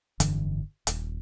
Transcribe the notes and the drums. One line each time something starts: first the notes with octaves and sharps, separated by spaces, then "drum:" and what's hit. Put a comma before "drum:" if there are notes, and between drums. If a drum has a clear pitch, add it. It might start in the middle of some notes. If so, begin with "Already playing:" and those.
F1 G2 D3 E3, drum: hi-hat
D#1, drum: hi-hat